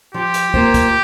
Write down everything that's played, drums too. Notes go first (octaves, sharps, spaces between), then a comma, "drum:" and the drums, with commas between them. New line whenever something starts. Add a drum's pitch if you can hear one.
F3 G4
drum: hi-hat
A#3 F4 C5, drum: kick
drum: kick, hi-hat